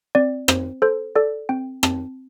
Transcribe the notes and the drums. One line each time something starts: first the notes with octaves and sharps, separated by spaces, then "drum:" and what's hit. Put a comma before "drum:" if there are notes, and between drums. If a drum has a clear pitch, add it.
C4 D5
C4 C5, drum: rim click
A4 C5
A4 D5
C4 G5
C4 A5, drum: rim click